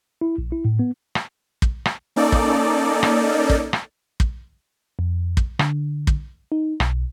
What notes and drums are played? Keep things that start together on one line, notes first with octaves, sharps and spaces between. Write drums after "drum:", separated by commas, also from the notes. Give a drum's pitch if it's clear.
E4
A#1
E4
A2
B3
drum: rim click
drum: kick
drum: rim click
A#3 C#4 D#4 A4 D5
drum: kick
drum: rim click
drum: kick
drum: rim click
drum: kick
F2
drum: kick
D3, drum: rim click
drum: kick
D#4
B1, drum: rim click